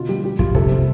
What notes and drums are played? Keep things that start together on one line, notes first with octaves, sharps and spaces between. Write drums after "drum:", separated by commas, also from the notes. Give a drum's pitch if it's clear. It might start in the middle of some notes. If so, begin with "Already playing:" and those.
Already playing: B2 D3 F4
G3 G4
G3 G4
G3 F4, drum: kick
C3 A4, drum: kick
G3